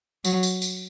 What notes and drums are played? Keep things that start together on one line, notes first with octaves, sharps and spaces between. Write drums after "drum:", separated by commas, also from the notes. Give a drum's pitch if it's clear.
F#3, drum: tambourine
drum: tambourine
drum: tambourine